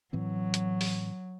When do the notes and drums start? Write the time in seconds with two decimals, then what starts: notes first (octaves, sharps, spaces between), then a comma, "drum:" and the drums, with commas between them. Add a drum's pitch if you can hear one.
0.13 A2 E3 F#3 C4
0.54 drum: hi-hat
0.81 drum: open hi-hat